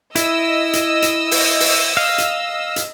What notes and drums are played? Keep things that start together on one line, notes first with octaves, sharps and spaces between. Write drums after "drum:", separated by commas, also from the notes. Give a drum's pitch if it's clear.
E4 D#5 E6, drum: hi-hat
drum: hi-hat
drum: hi-hat
drum: open hi-hat
drum: open hi-hat
F5
drum: hi-hat
drum: hi-hat